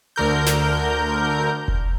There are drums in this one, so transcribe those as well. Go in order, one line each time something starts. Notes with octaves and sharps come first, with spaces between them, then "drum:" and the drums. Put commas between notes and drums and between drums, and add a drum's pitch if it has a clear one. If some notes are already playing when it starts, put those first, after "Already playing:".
D2 D3 A#4 G6
drum: snare
drum: kick F1